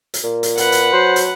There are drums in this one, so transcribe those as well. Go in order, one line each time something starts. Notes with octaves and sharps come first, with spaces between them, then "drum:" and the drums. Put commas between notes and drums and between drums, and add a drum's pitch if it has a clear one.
drum: hi-hat
A#2
drum: hi-hat
B4 F#5, drum: hi-hat
drum: hi-hat
F#3 C5
drum: hi-hat